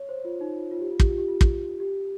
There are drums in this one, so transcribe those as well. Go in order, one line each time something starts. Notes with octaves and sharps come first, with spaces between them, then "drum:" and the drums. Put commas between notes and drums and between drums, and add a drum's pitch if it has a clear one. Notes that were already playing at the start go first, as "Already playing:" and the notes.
Already playing: C#5
C5
F4
D#4
F4
F4
G4
F4
G4, drum: kick
F4
G4
F4
drum: kick
G4